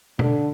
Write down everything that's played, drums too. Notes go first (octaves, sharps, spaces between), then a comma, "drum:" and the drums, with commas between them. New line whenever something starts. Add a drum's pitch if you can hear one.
D3, drum: tom